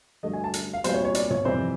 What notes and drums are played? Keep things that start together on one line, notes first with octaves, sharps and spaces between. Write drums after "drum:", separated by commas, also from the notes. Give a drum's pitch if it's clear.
G2 D3 F#3 A3 D#5
G#5
A5
drum: hi-hat
F5
C2 A#2 F#3 B3 D4 C5, drum: hi-hat
C#5
C#5
D5, drum: hi-hat
C#5, drum: tom
F2 C3 E3 G3 C4 C5